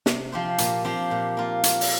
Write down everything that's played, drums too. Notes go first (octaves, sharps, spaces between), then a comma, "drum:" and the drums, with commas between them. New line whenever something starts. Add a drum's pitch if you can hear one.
C3, drum: snare
F3 C4 G4 C5
A#2, drum: hi-hat
F3 C4 G4 C5
A#2
A#3 F4
A#3, drum: hi-hat
drum: open hi-hat